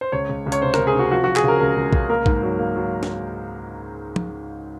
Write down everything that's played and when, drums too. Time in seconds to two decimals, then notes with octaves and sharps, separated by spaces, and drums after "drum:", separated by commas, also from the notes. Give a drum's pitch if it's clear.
0.01 C5
0.12 C#2 C#5
0.29 C#2
0.46 C#2
0.52 C#5, drum: hi-hat
0.62 C3 C5
0.74 C#2 A#4, drum: rim click
0.87 G#4
0.94 C3 F#4
1.11 F3 F#4
1.24 F3 F#4
1.36 G#4, drum: clap
1.43 C#3 A#4
1.61 C#2 A#4
1.76 C#2
1.93 C#2, drum: kick
2.09 A#3 A#4
2.26 G#2, drum: kick
2.43 F#3
2.59 A#3
2.76 F#3
3.03 drum: snare
4.16 drum: tom F3